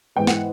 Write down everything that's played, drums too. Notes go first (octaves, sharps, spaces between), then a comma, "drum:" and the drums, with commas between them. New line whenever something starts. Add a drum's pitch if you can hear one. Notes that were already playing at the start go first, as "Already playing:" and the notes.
G#2 E3 G#3 B3 G5
F#5, drum: snare